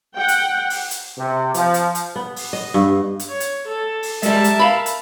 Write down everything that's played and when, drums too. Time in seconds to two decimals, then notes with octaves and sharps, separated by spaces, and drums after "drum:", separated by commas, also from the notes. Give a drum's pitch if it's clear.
0.15 F#5 G5
0.28 drum: hi-hat
0.70 drum: open hi-hat
0.91 drum: hi-hat
1.18 C3
1.54 F3, drum: hi-hat
1.74 drum: hi-hat
1.95 drum: hi-hat
2.16 B3
2.36 drum: open hi-hat
2.53 D#5
2.74 G2
3.20 drum: hi-hat
3.30 C#5
3.40 drum: hi-hat
3.68 A4
4.03 drum: open hi-hat
4.23 G3 G#3 A#4 E5 A5, drum: hi-hat
4.44 drum: hi-hat
4.59 F5 B5
4.86 drum: hi-hat